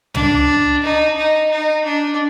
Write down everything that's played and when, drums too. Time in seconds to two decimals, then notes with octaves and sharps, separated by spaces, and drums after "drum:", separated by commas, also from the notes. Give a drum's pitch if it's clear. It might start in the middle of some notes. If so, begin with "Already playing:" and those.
0.15 D4, drum: tom
0.83 D#4
1.17 D#4
1.51 D#4
1.85 D4